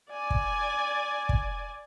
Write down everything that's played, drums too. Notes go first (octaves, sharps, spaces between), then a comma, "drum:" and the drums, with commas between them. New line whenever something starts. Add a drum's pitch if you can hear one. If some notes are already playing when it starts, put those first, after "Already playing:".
D5 G#5
drum: kick
drum: kick